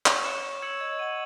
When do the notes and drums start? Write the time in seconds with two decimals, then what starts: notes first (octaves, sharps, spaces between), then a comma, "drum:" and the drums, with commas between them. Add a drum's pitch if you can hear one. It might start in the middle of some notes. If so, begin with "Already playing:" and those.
0.06 C#5 C#6, drum: clap
0.24 F#6 C#7 E7
0.43 C#6
0.62 E6 G#6 C#7 F#7
0.81 D#5 G#6
0.99 F#5 D#7 F#7